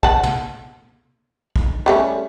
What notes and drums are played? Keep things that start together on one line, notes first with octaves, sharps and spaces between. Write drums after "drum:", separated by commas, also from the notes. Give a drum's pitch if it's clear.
F#5 A5, drum: kick
drum: tom
drum: kick
G3 A3 C#4